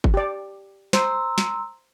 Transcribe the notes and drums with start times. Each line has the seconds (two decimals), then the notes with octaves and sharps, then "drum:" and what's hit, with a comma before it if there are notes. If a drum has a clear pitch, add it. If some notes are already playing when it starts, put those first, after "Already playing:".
0.04 drum: kick G1
0.14 G4 D5
0.93 C5 A#5 C6 E6, drum: snare
1.38 drum: snare